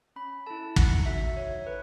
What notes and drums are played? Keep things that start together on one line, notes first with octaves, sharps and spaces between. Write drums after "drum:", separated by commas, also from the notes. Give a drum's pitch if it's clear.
C#4 B5
E4 A4 A5
D#4 F#5, drum: kick
F#4 A4 E5
D#4 C#5
A4 B4